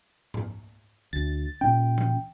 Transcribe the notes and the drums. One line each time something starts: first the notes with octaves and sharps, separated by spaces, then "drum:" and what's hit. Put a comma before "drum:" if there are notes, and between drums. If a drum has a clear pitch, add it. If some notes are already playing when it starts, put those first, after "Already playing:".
drum: tom G#2
D2 A6
A#2 C#4 G5
drum: tom E3